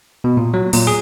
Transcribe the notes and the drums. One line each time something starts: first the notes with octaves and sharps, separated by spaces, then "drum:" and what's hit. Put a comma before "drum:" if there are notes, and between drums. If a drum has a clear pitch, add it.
B2
A#2
F#3
A#2, drum: open hi-hat
G#4